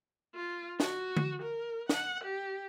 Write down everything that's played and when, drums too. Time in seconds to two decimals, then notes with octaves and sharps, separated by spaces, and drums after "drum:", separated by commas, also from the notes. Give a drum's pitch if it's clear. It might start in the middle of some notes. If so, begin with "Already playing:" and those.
0.35 F4
0.80 F#4, drum: snare
1.17 drum: tom D3
1.42 A#4
1.89 F#5, drum: snare
2.24 G4